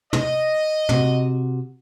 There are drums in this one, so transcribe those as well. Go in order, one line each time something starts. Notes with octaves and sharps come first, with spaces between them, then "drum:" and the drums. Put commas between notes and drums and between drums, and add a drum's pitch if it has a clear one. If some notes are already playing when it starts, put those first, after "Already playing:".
D#5, drum: tom
C3 F#4, drum: tom